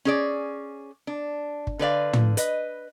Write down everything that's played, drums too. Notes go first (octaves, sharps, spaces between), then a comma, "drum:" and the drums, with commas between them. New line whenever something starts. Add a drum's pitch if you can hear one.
C#4 G#4 D5
D4
drum: kick G1
D3 B4 D5 F5
drum: tom
B4 D#5, drum: hi-hat